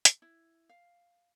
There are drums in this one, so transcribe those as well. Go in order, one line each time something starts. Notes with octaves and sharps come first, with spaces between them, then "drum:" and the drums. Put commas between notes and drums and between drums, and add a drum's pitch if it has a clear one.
drum: hi-hat
E4
F5